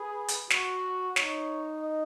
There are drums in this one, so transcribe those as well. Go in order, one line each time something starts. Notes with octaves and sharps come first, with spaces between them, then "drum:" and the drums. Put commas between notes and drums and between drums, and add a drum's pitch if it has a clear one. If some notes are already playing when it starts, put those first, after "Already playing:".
Already playing: G#4 B4
drum: hi-hat
F#4, drum: snare
D#4 C#5, drum: snare
D#5